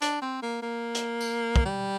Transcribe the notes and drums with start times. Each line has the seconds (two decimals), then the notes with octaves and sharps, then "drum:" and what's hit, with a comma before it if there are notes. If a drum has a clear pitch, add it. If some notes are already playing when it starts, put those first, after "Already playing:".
0.02 D4, drum: hi-hat
0.22 C4
0.43 A#3
0.63 A#3
0.95 drum: hi-hat
1.21 drum: tambourine
1.56 drum: kick
1.65 G3